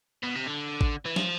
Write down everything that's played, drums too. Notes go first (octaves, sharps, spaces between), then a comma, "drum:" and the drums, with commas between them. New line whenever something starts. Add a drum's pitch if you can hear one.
B2
C3
D3
drum: kick A1
E3
F3, drum: snare